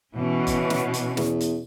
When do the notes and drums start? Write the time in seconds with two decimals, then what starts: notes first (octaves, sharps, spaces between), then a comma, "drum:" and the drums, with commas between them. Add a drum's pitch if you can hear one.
0.13 B2 E3 C#4
0.47 drum: kick F#1, hi-hat
0.70 drum: snare
0.94 drum: hi-hat
1.17 E2, drum: snare
1.40 drum: hi-hat